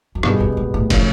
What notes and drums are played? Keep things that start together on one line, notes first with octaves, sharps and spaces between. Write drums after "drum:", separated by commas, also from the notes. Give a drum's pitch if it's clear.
F#2
G2 B2 G3 B3 D#4 G#4, drum: rim click
F#2
G#2
A2
A2 C#3 F3 A3 C#4, drum: kick, cymbal